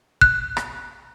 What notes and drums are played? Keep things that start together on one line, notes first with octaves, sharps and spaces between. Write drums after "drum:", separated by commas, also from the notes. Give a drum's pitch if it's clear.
F#6, drum: kick
drum: rim click